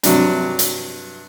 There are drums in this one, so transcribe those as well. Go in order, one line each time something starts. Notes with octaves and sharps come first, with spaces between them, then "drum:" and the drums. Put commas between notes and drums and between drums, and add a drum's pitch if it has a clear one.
G2 C3 F#3, drum: hi-hat
drum: hi-hat